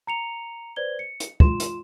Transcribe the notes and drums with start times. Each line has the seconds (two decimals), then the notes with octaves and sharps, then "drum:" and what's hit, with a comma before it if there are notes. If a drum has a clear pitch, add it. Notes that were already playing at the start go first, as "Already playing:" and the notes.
0.07 A#5 C#7 F7
0.76 B4 C5 D5 G#6 G7
0.99 C#7
1.20 drum: hi-hat
1.40 F4 C6 E7, drum: kick
1.60 drum: hi-hat